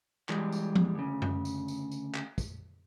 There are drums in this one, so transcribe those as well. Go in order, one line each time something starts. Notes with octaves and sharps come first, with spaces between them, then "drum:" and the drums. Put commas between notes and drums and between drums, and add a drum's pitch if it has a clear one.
E3 G3 G#3, drum: clap
drum: tambourine
drum: tom F3
D2 C#3
drum: tom F#2
drum: tambourine
drum: tambourine
drum: tambourine
drum: clap
drum: kick, tambourine